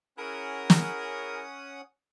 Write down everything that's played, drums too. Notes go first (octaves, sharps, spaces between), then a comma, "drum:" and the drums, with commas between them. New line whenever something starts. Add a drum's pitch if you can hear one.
C#4 E4 G#4 A#4 F#5 D#6
drum: snare